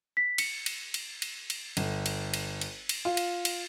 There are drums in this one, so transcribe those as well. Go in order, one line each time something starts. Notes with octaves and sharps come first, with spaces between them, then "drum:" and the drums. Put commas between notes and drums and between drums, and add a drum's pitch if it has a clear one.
B6
C#7, drum: cymbal
drum: cymbal
drum: cymbal
drum: cymbal
drum: cymbal
G1, drum: cymbal
drum: cymbal
drum: cymbal
drum: cymbal
drum: cymbal
F4
drum: cymbal
drum: cymbal